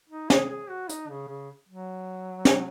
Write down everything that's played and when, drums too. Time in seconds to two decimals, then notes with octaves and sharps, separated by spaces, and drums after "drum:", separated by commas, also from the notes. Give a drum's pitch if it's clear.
0.10 D#4
0.30 G#4, drum: snare
0.50 G#4
0.69 F#4
0.89 D#4, drum: hi-hat
1.09 C#3
1.29 C#3
1.69 F#3
2.45 drum: snare